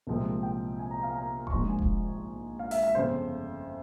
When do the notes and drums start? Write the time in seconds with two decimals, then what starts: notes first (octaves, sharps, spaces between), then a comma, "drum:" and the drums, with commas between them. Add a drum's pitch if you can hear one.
0.07 C2 A#2 F3 G#3 C4
0.43 G5
0.79 G#5
0.91 A#5
1.03 F5
1.15 A#5
1.47 C#6, drum: kick E1
1.51 A#1 G#2 F3 G#3 C6
1.70 G#5
1.79 drum: kick E1
2.59 F5
2.71 E5, drum: open hi-hat
2.83 E5
2.95 G1 F2 C#3 C5